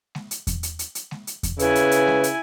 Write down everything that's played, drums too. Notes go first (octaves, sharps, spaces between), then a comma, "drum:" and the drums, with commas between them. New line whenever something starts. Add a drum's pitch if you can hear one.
drum: snare G#3
drum: hi-hat
drum: kick E2, hi-hat
drum: hi-hat
drum: hi-hat
drum: hi-hat
drum: snare G#3
drum: hi-hat
drum: kick E2, hi-hat
C#3 E4 B4 G#5, drum: hi-hat
drum: hi-hat
drum: hi-hat
drum: snare G#3
drum: hi-hat